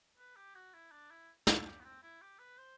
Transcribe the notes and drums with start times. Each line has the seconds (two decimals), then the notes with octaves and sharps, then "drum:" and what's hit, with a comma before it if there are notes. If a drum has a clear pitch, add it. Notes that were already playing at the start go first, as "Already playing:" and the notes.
0.18 B4
0.36 G4
0.55 F#4
0.74 E4
0.91 D4
1.11 E4
1.47 A4, drum: snare
1.65 G4
1.80 B3
1.84 C4
2.03 E4
2.21 G4
2.39 B4
2.58 C5